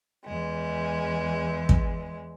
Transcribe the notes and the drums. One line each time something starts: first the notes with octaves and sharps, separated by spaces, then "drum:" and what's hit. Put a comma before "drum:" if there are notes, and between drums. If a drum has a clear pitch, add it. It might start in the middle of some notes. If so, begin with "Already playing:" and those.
E2 G#3
drum: kick